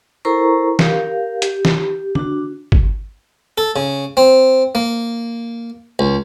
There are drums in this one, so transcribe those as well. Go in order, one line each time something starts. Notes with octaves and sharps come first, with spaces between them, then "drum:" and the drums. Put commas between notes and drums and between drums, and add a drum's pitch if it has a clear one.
E4 A4 A#4 C5 A#5 C#6
G4 A#4 F5, drum: snare
G4, drum: hi-hat
drum: snare
D4 F#4, drum: tom D3
drum: kick G1
A4
C#3
C4
A#3
C#2